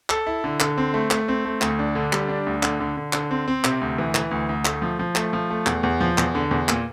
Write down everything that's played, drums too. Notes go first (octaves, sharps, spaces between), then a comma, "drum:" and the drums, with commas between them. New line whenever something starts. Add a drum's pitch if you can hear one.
A4, drum: clap
E4
D3
D3, drum: clap
C4
A3
A3, drum: clap
C4
A3
D2, drum: clap
D4
D3
G3, drum: clap
D4
D2
D3, drum: clap
D3
D3
D3, drum: clap
C4
C4
C3, drum: clap
D2
E3
E3, drum: clap
D2
D2
A3, drum: clap
F3
F3
A3, drum: clap
F3
A3
E2, drum: clap
E2
F3
E2, drum: clap
D3
E2
A#2, drum: clap